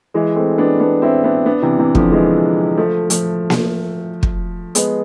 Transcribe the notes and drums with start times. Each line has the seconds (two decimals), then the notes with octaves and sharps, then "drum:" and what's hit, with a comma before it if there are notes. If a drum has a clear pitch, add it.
0.14 E3 G#3
0.36 A3 C4
0.58 B3 D4
0.80 B3 D4
1.02 C4 E4
1.24 B3 D4
1.46 B3 D4
1.62 C3 E3
1.79 C3 E3
1.95 D3 F3, drum: kick
2.12 E3 G#3
2.77 F3 A3
3.10 F3 A3, drum: hi-hat
3.50 drum: snare A#3
4.23 drum: kick
4.75 G#3 B3, drum: hi-hat